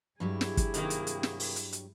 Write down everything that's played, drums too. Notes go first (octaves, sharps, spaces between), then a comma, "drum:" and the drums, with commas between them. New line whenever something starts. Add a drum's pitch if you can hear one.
G2 F#3 E4 G4 G#4
drum: snare
drum: kick, hi-hat
C3 D#3 A#3, drum: hi-hat
drum: hi-hat
drum: hi-hat
drum: snare
drum: open hi-hat
drum: hi-hat
drum: hi-hat